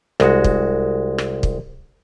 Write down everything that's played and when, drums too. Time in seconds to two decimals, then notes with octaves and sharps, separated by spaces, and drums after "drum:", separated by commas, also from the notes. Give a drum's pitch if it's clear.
0.20 C2 G#3 F#4, drum: rim click
0.44 drum: kick
1.18 drum: rim click
1.43 drum: kick